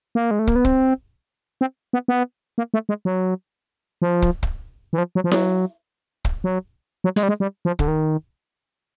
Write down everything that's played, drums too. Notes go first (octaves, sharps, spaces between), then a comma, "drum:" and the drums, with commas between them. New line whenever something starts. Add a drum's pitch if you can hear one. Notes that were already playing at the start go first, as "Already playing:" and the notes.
A#3
G#3
A3
A#3, drum: kick
B3
C4, drum: kick
C4
B3
B3
A#3
A3
G#3
F#3
F3
drum: kick
drum: kick
E3
F3
F#3
F3
F#3, drum: snare E4
drum: kick
F#3
F#3
G#3, drum: hi-hat
G3
G#3
G3
F3
D3, drum: kick
D#3